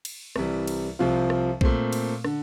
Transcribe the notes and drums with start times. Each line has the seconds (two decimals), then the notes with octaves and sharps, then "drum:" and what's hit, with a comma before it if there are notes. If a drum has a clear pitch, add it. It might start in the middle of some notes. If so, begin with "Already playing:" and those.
0.05 drum: cymbal
0.36 C2 C3 E3 G3, drum: rim click
0.67 drum: cymbal
0.99 C2 C3 F3 C4 F4
1.30 drum: rim click
1.61 A#2 A3 C4, drum: kick A#1
1.93 drum: cymbal
2.24 D3, drum: rim click